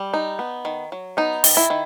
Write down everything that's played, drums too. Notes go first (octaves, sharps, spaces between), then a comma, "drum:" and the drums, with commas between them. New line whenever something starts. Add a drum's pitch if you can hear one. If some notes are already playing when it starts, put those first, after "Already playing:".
Already playing: G3
D#4
B3
D#3
F#3
B3 D#4
D#3, drum: open hi-hat
E4
D#3